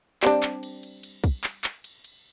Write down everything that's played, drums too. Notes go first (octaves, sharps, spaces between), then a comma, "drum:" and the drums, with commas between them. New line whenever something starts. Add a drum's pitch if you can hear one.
G3 C4 D4, drum: clap
drum: clap
drum: cymbal
drum: cymbal
drum: cymbal
drum: kick, cymbal
drum: clap
drum: clap
drum: cymbal
drum: cymbal